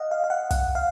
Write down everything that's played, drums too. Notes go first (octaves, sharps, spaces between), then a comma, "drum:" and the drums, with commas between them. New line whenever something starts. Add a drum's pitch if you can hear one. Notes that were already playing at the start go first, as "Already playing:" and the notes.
Already playing: D#5 F5 F#5
F5
F5
F#5
F#5, drum: kick, hi-hat
F5